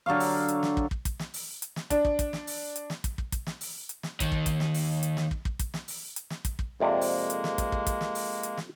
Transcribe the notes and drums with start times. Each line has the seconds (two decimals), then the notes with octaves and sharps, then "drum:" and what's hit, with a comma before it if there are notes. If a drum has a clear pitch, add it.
0.06 D3 F#3 C#5 F5
0.20 drum: open hi-hat
0.48 drum: hi-hat
0.63 drum: snare
0.77 drum: kick
0.91 drum: kick
1.05 drum: kick, hi-hat
1.19 drum: snare
1.34 drum: open hi-hat
1.62 drum: hi-hat
1.76 drum: snare
1.90 D4, drum: kick, hi-hat
2.05 drum: kick
2.19 drum: kick, hi-hat
2.33 drum: snare
2.47 drum: open hi-hat
2.76 drum: hi-hat
2.90 drum: snare
3.04 drum: kick, hi-hat
3.18 drum: kick
3.32 drum: kick, hi-hat
3.47 drum: snare
3.61 drum: open hi-hat
3.89 drum: hi-hat
4.03 drum: snare
4.20 D#2 D#3, drum: kick, hi-hat
4.32 drum: kick
4.46 drum: kick, hi-hat
4.60 drum: snare
4.74 drum: open hi-hat
5.03 drum: hi-hat
5.17 drum: snare
5.31 drum: kick
5.45 drum: kick
5.59 drum: kick, hi-hat
5.74 drum: snare
5.88 drum: open hi-hat
6.16 drum: hi-hat
6.30 drum: snare
6.45 drum: kick, hi-hat
6.59 drum: kick
6.80 F2 C3 G#3 A#3 D5
7.01 drum: open hi-hat
7.30 drum: hi-hat
7.44 drum: snare
7.58 drum: kick, hi-hat
7.72 drum: kick
7.87 drum: kick, hi-hat
8.01 drum: snare
8.15 drum: open hi-hat
8.43 drum: hi-hat
8.57 drum: snare